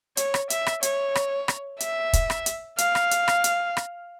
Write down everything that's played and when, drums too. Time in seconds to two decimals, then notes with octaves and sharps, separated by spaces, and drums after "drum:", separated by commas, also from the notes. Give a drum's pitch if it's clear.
0.17 C#5, drum: hi-hat
0.34 drum: rim click
0.50 E5, drum: hi-hat
0.66 drum: rim click
0.83 C#5, drum: hi-hat
1.15 drum: rim click
1.48 drum: rim click
1.80 E5, drum: hi-hat
2.13 drum: kick, hi-hat
2.30 drum: rim click
2.46 drum: hi-hat
2.78 F5, drum: hi-hat
2.95 drum: rim click
3.11 drum: hi-hat
3.28 drum: rim click
3.44 drum: hi-hat
3.77 drum: rim click